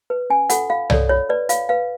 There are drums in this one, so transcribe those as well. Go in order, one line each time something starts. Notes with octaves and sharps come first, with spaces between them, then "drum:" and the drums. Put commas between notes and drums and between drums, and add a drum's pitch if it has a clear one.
B4
C#4 G#5
F4 A4 F#5, drum: hi-hat
F4 F5
A4 C#5 D5, drum: tom C2
F4 C#5
B4 D5
F4 F5, drum: hi-hat
B4 F5